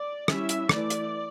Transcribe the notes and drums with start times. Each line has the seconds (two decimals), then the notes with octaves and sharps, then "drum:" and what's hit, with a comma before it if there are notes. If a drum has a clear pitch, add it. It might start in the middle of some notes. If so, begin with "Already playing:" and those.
Already playing: D5
0.28 G3 C#4 E4 E5, drum: rim click
0.49 drum: hi-hat
0.69 E3 A3 E4 D5, drum: rim click
0.90 drum: hi-hat